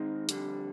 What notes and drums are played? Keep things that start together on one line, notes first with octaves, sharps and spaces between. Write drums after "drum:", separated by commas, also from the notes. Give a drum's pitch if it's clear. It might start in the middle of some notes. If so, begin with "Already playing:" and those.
Already playing: D#3 G#3 C4 D#4
F2 D3 G3, drum: hi-hat